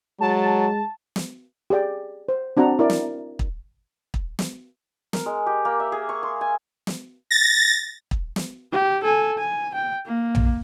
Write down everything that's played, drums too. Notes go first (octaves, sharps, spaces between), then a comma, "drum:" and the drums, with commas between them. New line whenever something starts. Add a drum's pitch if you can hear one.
F#3 G#3 A5
drum: snare
G4 G#4 D5 G5
C5
C4 D4 F#4 F#5 A#5
E4 A#4 D5
drum: snare
drum: kick
drum: kick
drum: snare
A#4, drum: snare
G#3
G4
A#3
E5
G#4
C#6
C6
G#5
drum: snare
A6 A#6
drum: kick
drum: snare
G4
A4 G#5
G#5
G5
A#3
drum: tom A#1